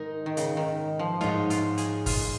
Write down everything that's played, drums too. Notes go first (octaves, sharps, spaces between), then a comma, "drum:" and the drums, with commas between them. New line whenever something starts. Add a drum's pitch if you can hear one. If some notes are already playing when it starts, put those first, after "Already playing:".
Already playing: G#2 D#3 D#4 A#4 D#5
D#3
C#3, drum: hi-hat
D#3
F3
G#2 D#3 G#3 D#4 F4 C#5, drum: snare
F4, drum: hi-hat
G#4, drum: hi-hat
F4, drum: kick, open hi-hat